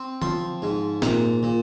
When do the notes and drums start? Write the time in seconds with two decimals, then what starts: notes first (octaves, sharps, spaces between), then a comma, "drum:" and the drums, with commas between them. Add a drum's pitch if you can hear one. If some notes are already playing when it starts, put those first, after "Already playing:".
Already playing: C4
0.22 F3 C6, drum: tom D3
0.62 G#2
1.02 A#2 A#5, drum: snare
1.43 A#2